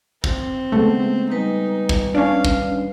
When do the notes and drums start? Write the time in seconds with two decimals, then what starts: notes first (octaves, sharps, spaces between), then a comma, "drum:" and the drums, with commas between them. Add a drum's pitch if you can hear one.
0.24 C4, drum: kick
0.72 C#3 G#3 A3 B3
1.30 G3 D#4 B4 G#5
1.89 drum: kick
2.15 C#4 D4 F5
2.45 drum: kick